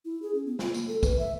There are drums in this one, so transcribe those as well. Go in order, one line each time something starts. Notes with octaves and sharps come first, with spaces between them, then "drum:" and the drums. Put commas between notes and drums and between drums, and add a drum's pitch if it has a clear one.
E4
G#4
C#4
B3
F4, drum: snare
A#3, drum: tambourine
A4
B4, drum: kick, tambourine
E5